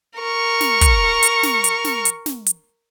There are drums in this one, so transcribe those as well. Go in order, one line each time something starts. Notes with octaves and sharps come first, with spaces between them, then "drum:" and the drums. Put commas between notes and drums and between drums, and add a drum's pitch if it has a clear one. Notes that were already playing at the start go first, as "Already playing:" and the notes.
A#4 C#6
drum: snare
drum: kick, hi-hat
drum: hi-hat
drum: snare
drum: hi-hat
drum: snare
drum: hi-hat
drum: snare
drum: hi-hat